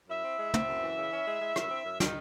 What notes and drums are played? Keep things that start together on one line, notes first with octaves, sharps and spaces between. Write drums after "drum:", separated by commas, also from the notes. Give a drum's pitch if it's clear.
F#2 E4 E5
C4
G#3
C4, drum: tom
F#2
E3
C#3
C#4
G#3
G#3
F#2, drum: rim click
C4
F#2
D#3, drum: snare